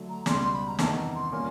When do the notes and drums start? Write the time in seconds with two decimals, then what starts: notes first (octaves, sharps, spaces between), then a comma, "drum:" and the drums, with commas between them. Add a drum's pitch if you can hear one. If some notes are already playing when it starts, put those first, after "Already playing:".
Already playing: D3 F#3 A3
0.09 A#5
0.26 C#2 B2 G3 C6, drum: snare
0.40 C6
0.53 B5
0.66 A#5
0.79 E2 C3 D#3 A5, drum: snare
0.97 A#5
1.15 C6
1.32 A#2 G3 A#3 C#4